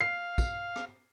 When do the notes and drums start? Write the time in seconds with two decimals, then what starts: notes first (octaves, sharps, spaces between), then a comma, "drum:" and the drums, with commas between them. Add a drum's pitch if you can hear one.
0.01 F5 C7
0.38 drum: kick, tambourine
0.76 drum: rim click